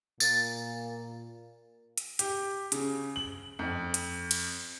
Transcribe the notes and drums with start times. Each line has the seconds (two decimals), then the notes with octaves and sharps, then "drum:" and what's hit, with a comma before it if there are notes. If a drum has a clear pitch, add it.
0.20 A#2 A6, drum: tambourine
1.98 drum: hi-hat
2.19 G4, drum: hi-hat
2.72 C#3, drum: hi-hat
3.16 F#7
3.59 F2
3.94 drum: hi-hat
4.31 drum: cymbal